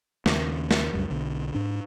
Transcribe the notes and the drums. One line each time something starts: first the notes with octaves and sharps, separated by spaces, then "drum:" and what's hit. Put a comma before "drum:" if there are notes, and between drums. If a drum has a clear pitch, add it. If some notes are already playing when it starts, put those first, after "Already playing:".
D#2 C#3, drum: snare
drum: snare
C#2 F#2 G3
B1 D3
G#2 D4